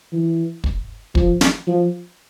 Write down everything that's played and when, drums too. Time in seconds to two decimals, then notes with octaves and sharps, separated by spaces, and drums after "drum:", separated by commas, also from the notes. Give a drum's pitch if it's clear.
0.13 E3
0.64 drum: kick
1.15 F3, drum: kick
1.41 drum: snare
1.67 F3